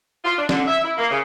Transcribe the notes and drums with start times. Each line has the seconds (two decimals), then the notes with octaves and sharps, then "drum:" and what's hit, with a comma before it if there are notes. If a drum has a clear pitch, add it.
0.25 F4
0.37 D4
0.49 D3, drum: snare
0.67 E5
0.84 E4
0.97 A#3
1.11 C#3